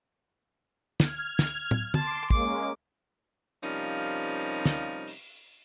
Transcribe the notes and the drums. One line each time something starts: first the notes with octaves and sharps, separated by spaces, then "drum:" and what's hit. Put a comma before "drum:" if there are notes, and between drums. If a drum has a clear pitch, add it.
F6 G#6, drum: snare
drum: snare
drum: tom
A5 C6 D6, drum: tom
G#3 A#3 C#4 D6, drum: kick
C3 F3 G3 A#3 C#4 D#4
drum: snare
drum: open hi-hat